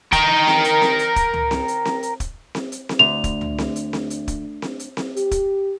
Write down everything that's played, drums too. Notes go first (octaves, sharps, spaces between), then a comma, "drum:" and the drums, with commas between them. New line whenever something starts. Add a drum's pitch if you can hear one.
A#4 G5, drum: kick, hi-hat
drum: snare C4
drum: hi-hat
drum: snare C4
drum: hi-hat
drum: kick, hi-hat
drum: tom C#2
drum: snare C4
drum: hi-hat
drum: snare C4
drum: hi-hat
drum: kick, hi-hat
drum: snare C4
drum: hi-hat
drum: snare C4
D2 F7
drum: kick, hi-hat
drum: tom C#2
drum: snare C4
drum: hi-hat
drum: snare C4
drum: hi-hat
drum: kick, hi-hat
drum: snare C4
drum: hi-hat
drum: snare C4
G4, drum: hi-hat
drum: kick, hi-hat